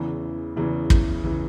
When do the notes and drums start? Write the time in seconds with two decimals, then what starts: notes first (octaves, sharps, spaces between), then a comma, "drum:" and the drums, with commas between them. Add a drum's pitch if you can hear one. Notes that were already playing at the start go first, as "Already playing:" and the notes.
Already playing: E2 C#3 E3
0.56 E2 C#3 E3
0.90 drum: kick
1.24 C#3 E3